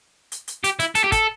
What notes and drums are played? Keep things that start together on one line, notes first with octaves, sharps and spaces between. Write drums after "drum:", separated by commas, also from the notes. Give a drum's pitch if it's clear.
drum: hi-hat
drum: hi-hat
G4, drum: hi-hat
E4, drum: hi-hat
A4, drum: hi-hat
G4
A4, drum: kick, hi-hat